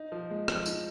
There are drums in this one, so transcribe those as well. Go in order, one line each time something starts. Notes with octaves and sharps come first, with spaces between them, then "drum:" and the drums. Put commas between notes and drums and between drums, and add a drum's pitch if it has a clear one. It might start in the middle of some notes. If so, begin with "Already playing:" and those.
Already playing: D#4
F3
G#3
F3, drum: rim click
D#4, drum: tambourine